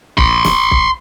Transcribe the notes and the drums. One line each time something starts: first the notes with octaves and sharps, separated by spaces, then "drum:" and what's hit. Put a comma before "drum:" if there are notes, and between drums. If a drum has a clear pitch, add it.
B5 C6, drum: kick
drum: snare
drum: kick